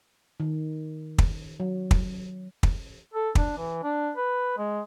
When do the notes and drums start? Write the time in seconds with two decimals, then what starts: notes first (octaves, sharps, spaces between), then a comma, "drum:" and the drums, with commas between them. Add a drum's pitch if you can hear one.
0.40 D#3
1.18 drum: kick
1.60 F#3
1.91 drum: kick
2.63 drum: kick
3.14 A4
3.35 D4, drum: kick
3.57 E3
3.83 D4
4.17 B4
4.57 G#3